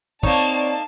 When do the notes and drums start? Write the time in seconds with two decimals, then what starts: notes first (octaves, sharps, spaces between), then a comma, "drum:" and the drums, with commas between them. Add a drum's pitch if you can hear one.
0.23 A#3 C4 D#4 C#5 D5 A5, drum: kick